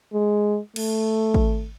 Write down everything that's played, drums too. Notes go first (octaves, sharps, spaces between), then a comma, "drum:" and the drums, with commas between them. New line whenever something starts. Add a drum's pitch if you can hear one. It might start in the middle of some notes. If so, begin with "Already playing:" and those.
G#3
A3, drum: cymbal
drum: kick